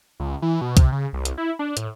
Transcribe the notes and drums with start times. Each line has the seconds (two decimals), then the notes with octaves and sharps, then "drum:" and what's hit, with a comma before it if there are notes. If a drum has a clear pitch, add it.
0.20 C#2
0.42 E3
0.61 B2
0.77 C3, drum: kick, hi-hat
0.92 C#3
1.13 C2
1.25 drum: hi-hat
1.38 E4
1.59 D4
1.77 A2, drum: hi-hat